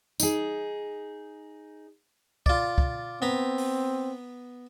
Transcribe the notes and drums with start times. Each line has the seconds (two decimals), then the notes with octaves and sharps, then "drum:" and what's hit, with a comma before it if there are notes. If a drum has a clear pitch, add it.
0.20 D#4 G#4, drum: tambourine
2.46 F4 D5, drum: kick
2.78 drum: kick
3.22 B3 C4 A#5 B5
3.58 drum: open hi-hat